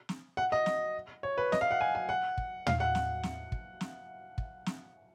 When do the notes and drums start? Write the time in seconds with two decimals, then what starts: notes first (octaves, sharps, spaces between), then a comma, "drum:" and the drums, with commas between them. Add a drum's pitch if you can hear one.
0.09 drum: snare
0.37 F#5
0.52 D#5
0.66 drum: snare
1.23 C#5
1.38 B4
1.52 D#5, drum: snare
1.61 F5
1.71 F#5
1.81 G#5
1.95 G#5
2.09 F#5
2.38 drum: kick
2.67 F5, drum: tom
2.80 F#5
2.95 drum: snare
3.23 drum: snare
3.52 drum: kick
3.81 drum: snare
4.38 drum: kick
4.66 drum: snare